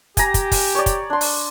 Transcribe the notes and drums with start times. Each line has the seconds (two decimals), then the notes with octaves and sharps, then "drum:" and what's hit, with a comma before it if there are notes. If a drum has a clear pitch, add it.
0.17 G4 G#5 A#5, drum: kick, hi-hat
0.34 drum: kick, hi-hat
0.52 drum: kick, open hi-hat
0.75 C#5 D5
0.86 drum: kick, hi-hat
1.10 D4 C6
1.21 drum: open hi-hat